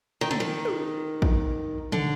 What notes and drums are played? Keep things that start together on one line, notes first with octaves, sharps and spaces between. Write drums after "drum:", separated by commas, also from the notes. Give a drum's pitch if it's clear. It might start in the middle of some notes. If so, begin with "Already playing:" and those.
D#3
D3, drum: tom
D#3
drum: tom
drum: kick
D3, drum: tom